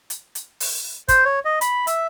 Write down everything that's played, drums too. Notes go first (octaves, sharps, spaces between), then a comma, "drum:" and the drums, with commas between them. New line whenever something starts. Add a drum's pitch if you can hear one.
drum: hi-hat
drum: hi-hat
drum: open hi-hat
C5, drum: kick, hi-hat
C#5
D#5
B5, drum: hi-hat
E5, drum: hi-hat